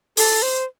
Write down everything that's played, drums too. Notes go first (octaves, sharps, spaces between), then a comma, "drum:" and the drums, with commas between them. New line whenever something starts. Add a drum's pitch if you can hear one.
A4, drum: open hi-hat
C5